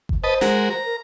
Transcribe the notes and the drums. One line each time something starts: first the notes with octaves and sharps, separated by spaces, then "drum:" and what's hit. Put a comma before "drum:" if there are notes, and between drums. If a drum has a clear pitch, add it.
drum: kick G1
B4 C5 D#5 A5
G#3 F#4 A#4, drum: snare
A#5
A#4